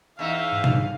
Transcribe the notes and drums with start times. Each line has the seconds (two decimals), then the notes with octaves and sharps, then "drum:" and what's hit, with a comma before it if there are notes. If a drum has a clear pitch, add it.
0.19 E2 D#4 E5 F5
0.52 G#2
0.64 drum: tom B2